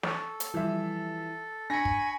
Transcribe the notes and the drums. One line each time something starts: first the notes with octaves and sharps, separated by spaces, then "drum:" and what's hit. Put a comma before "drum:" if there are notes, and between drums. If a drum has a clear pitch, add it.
A4 C#6, drum: snare
drum: hi-hat
E3 F3 G3 E5
D4 G#5 B5 C#6 A#6 C#7
drum: kick